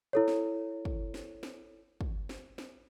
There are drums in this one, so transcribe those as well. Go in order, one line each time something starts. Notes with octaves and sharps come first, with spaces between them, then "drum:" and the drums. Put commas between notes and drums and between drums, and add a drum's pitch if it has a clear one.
E4 A4 C#5
drum: snare
drum: kick
drum: snare
drum: snare
drum: kick
drum: snare
drum: snare